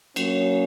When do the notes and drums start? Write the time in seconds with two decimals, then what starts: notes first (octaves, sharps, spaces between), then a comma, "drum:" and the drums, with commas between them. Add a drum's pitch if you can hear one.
0.16 F#3 A#3 C#4, drum: cymbal